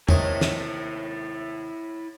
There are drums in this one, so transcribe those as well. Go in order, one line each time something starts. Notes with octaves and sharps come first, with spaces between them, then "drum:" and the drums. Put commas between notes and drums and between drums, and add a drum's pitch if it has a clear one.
D#2 C3 E4 C#5 D#5, drum: tom
drum: snare